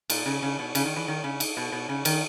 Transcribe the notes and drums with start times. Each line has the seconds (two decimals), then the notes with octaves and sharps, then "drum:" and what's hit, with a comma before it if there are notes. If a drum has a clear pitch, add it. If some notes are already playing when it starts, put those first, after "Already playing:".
0.10 A#2, drum: cymbal
0.26 C#3
0.42 C#3
0.59 B2
0.75 C#3, drum: cymbal
0.85 D#3
0.96 E3
1.08 D#3
1.24 C#3
1.40 drum: cymbal
1.57 B2
1.72 B2
1.89 C#3
2.05 D#3, drum: cymbal